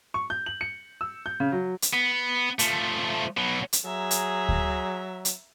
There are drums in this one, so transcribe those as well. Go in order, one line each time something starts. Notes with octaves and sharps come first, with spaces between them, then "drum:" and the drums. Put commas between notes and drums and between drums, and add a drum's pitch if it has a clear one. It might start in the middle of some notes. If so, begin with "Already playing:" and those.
C#6
G6
F#7
C#7
E6
G6
C#3
F#3
drum: hi-hat
B3
F3 A3, drum: hi-hat
B2 F#3
drum: hi-hat
F#3 G#4 E5 A#5
drum: hi-hat
drum: kick D2
drum: hi-hat